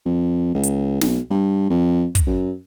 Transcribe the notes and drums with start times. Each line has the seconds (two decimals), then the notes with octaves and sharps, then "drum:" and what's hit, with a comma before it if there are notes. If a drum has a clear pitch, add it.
0.06 F2
0.54 C#2
0.63 drum: hi-hat
1.01 B1, drum: snare
1.30 G2
1.70 F2
2.15 drum: kick, hi-hat
2.27 F#2